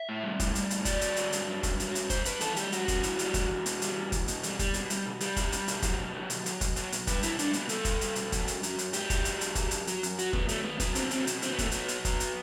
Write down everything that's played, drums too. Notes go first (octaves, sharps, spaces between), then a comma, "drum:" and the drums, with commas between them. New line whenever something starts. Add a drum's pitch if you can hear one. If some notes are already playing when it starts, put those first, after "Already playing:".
Already playing: E5
A2
G3
A2, drum: kick, hi-hat
G3, drum: hi-hat
A2, drum: hi-hat
F#3 D5, drum: kick, hi-hat
G2, drum: hi-hat
F#3, drum: hi-hat
G2, drum: hi-hat
F#3
G2, drum: kick, hi-hat
F#3, drum: hi-hat
G2, drum: hi-hat
G2 C5, drum: kick, hi-hat
G2 B4, drum: hi-hat
E3 A4, drum: hi-hat
G3 G4, drum: hi-hat
G2 F#4, drum: hi-hat
G2, drum: kick, hi-hat
E3, drum: hi-hat
G3, drum: hi-hat
E2, drum: kick, hi-hat
E2
B2, drum: hi-hat
G3, drum: hi-hat
E2
E2, drum: kick, hi-hat
B2, drum: hi-hat
G3, drum: hi-hat
G3, drum: kick, hi-hat
B2, drum: hi-hat
G3, drum: hi-hat
B2
G3 G4, drum: hi-hat
B2, drum: kick, hi-hat
G3, drum: hi-hat
B2, drum: hi-hat
F#3, drum: kick, hi-hat
B2
F#3
B2, drum: hi-hat
F#3, drum: hi-hat
B2, drum: kick, hi-hat
F#3, drum: hi-hat
B2, drum: hi-hat
G3 B4, drum: kick, hi-hat
B2 E4, drum: hi-hat
G3 D4, drum: hi-hat
B2 B3, drum: hi-hat
G3 A4, drum: hi-hat
B2, drum: kick, hi-hat
G3, drum: hi-hat
B2, drum: hi-hat
F#3, drum: kick, hi-hat
F#2, drum: hi-hat
F#3, drum: hi-hat
F#2, drum: hi-hat
F#3 G4, drum: hi-hat
F#2, drum: kick, hi-hat
F#3, drum: hi-hat
F#2, drum: hi-hat
F#3, drum: kick, hi-hat
F#2, drum: hi-hat
F#3, drum: hi-hat
F#2, drum: hi-hat
F#3 F#4, drum: hi-hat
F#2 B3, drum: kick
F#3 A3, drum: hi-hat
F#2 B3
F#3 B3, drum: kick, hi-hat
B2 C4, drum: hi-hat
F#3 C4, drum: hi-hat
B2, drum: hi-hat
F#3 C4, drum: hi-hat
B3
B2 A3, drum: kick, hi-hat
F#3 B3, drum: hi-hat
B2, drum: hi-hat
F#3, drum: kick, hi-hat
drum: hi-hat